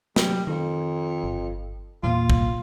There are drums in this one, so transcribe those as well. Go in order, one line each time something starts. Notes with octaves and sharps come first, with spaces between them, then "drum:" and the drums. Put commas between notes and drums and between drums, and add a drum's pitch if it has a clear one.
F#3 G3, drum: snare
F2 D#3
G1
E2 A#2 A#3 F4
drum: kick